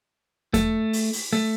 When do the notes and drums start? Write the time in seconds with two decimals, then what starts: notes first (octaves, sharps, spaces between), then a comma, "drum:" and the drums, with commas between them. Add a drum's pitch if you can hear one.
0.54 A3, drum: kick E2, hi-hat
0.93 drum: open hi-hat
1.13 drum: open hi-hat
1.33 A3